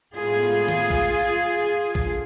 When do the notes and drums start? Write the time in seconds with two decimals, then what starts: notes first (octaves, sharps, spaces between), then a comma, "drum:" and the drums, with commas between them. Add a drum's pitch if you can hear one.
0.16 A2 G#3 B3 F4 G#4
0.68 drum: tom D#3
0.90 drum: kick A1
1.95 D3, drum: kick A1